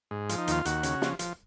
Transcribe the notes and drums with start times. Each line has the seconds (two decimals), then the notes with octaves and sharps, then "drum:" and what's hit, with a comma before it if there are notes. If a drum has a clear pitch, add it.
0.11 G#2
0.29 F3, drum: hi-hat
0.38 D#4
0.47 D#2 F4, drum: hi-hat
0.65 D#2 F#4, drum: hi-hat
0.83 C#3, drum: hi-hat
1.02 F3, drum: snare
1.19 F3, drum: hi-hat